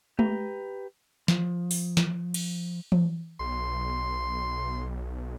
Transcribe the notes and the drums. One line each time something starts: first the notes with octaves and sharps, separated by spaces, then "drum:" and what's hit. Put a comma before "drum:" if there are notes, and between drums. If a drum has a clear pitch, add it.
G4 B4 A#5, drum: tom G#3
F3, drum: snare
drum: open hi-hat
drum: snare
drum: cymbal
drum: tom E3
B1 C6